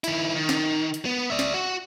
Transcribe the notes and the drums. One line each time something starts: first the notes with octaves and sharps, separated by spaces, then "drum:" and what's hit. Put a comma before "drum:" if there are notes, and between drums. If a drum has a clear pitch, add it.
D#3 E4, drum: hi-hat
D#3
drum: snare
drum: hi-hat
B3
D5 E5
drum: snare
F#4